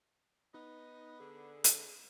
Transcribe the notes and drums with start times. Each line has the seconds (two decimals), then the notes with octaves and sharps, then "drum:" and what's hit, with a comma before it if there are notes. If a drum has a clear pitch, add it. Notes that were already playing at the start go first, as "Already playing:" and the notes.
0.54 B3 D#4 D#5
1.20 D3 G#4
1.64 drum: hi-hat